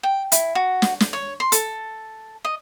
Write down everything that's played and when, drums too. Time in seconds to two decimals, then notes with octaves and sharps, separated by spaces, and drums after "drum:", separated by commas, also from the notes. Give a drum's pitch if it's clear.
0.03 G5
0.32 E4, drum: hi-hat
0.55 F#4
0.82 drum: snare
1.00 drum: snare
1.13 C#5
1.40 C6
1.52 A4, drum: hi-hat
2.45 D#5